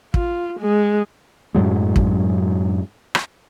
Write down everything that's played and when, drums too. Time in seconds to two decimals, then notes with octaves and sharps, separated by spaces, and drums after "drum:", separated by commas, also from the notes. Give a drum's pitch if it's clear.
0.14 F4, drum: kick
0.60 G#3
1.55 F#2 A2 F#3 G#3
1.96 drum: kick
3.15 drum: rim click